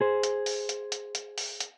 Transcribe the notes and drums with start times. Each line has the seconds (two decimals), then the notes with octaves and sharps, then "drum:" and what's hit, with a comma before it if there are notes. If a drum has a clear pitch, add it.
0.01 G#4 C5
0.23 drum: hi-hat
0.46 drum: open hi-hat
0.69 drum: hi-hat
0.92 drum: hi-hat
1.15 drum: hi-hat
1.38 drum: open hi-hat
1.60 drum: hi-hat